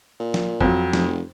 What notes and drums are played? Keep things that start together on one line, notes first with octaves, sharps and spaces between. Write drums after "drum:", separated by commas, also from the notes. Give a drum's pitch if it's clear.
A#2
drum: snare F3
F2 F#3, drum: kick
F1, drum: snare F3